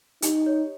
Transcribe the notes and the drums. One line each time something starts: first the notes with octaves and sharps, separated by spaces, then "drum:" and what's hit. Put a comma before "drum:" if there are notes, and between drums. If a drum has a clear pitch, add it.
D#4 G4, drum: hi-hat
C#5